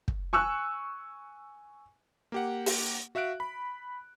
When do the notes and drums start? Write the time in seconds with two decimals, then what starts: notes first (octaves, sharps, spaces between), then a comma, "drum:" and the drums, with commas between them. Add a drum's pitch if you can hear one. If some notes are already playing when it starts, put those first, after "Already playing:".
0.08 drum: kick
0.33 G#5 C#6 E6 F#6
2.32 A#3 G4 F#5
2.66 drum: open hi-hat
3.15 F#4 E5 F5 F#6 D7
3.40 B5